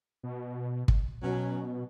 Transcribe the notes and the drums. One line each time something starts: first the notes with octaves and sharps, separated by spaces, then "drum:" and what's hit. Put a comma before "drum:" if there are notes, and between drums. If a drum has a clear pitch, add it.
B2
drum: kick
B2 F#3 C#4